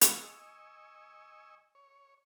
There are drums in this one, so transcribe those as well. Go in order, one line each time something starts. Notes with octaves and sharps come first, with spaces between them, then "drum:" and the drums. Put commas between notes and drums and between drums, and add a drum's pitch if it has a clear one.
D#5 G#5 C#6 E6, drum: hi-hat
C#5